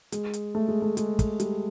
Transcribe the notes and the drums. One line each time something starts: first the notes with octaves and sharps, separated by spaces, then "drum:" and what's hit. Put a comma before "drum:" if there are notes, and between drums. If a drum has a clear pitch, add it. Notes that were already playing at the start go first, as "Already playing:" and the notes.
G#3, drum: hi-hat
drum: hi-hat
A3
G#3
A3
G#3, drum: hi-hat
drum: kick, hi-hat
G3, drum: hi-hat